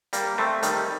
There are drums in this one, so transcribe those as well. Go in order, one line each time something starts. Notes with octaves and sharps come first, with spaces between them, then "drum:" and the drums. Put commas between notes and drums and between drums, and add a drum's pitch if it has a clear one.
G3 A#3, drum: hi-hat
A3 C4
D#3 G3, drum: hi-hat